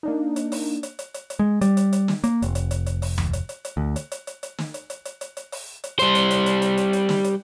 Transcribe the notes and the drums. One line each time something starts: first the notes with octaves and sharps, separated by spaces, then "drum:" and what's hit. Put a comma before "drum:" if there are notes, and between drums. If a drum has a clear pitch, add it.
A#3 D4 D#4
drum: hi-hat
drum: open hi-hat
drum: hi-hat
drum: hi-hat
drum: hi-hat
drum: hi-hat
G#3
G3, drum: hi-hat
drum: hi-hat
drum: hi-hat
drum: snare
A#3, drum: hi-hat
F1, drum: hi-hat
drum: hi-hat
drum: hi-hat
drum: hi-hat
drum: open hi-hat
drum: tom D2
drum: hi-hat
drum: hi-hat
drum: hi-hat
D2
drum: hi-hat
drum: hi-hat
drum: hi-hat
drum: hi-hat
drum: snare
drum: hi-hat
drum: hi-hat
drum: hi-hat
drum: hi-hat
drum: hi-hat
drum: open hi-hat
drum: hi-hat
G3 C5, drum: hi-hat
drum: hi-hat
drum: hi-hat
drum: hi-hat
drum: hi-hat
drum: hi-hat
drum: hi-hat
drum: snare
drum: hi-hat